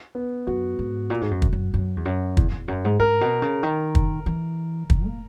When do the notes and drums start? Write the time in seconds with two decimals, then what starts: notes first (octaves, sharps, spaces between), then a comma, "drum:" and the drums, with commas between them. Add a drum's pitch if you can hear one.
0.15 B3
0.47 F#2 F#4
0.79 G#2
1.10 A#2
1.21 G#2
1.31 F#2
1.42 drum: kick
1.53 F#2
1.74 F#2
1.96 E2
2.05 F#2
2.37 E2, drum: kick
2.52 E2
2.68 F#2
2.85 G#2
2.99 G#2 A#4
3.21 B2
3.42 C#3
3.63 D#3
3.95 drum: kick
4.26 E3
4.90 D#3, drum: kick
5.06 A#3